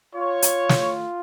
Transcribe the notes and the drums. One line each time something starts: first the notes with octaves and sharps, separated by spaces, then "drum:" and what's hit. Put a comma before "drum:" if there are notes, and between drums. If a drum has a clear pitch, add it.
F4 C#5
drum: hi-hat
drum: snare